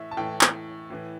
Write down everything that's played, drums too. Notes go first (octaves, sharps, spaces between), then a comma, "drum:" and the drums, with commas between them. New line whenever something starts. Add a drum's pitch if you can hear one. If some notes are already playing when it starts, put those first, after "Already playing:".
Already playing: A2 E3 E5
A5
A2 E3 G5
drum: clap
A2 E3